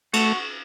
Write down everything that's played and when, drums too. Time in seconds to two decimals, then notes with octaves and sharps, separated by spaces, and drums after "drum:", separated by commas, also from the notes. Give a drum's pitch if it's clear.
0.13 A3 F#4, drum: cymbal